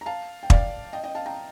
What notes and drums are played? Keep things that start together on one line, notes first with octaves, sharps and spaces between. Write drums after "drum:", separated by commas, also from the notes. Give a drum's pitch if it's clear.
A#5
F5 A5
G5
D5 F5, drum: kick
D#5 G5
D#5 G5
F5 A5
G5 A#5